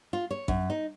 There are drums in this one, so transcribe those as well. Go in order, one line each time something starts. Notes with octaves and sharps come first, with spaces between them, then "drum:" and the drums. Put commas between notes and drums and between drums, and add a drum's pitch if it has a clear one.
F4
C#5
F#2, drum: kick A1
D#4